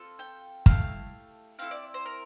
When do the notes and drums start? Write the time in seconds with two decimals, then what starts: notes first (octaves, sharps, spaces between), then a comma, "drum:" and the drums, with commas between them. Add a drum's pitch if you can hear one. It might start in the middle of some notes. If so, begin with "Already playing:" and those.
Already playing: C4 F4 A4
0.19 G5
0.66 A3 E4 G4 F5, drum: kick
1.59 C4 E4 A4 F5
1.71 D5
1.94 C5
2.05 A#4